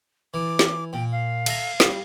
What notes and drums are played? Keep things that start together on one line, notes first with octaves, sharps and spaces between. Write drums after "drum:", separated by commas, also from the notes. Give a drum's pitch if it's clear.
E3 D6
drum: snare
A#2 G5
F5
A4 E5 A#5, drum: cymbal
G3, drum: snare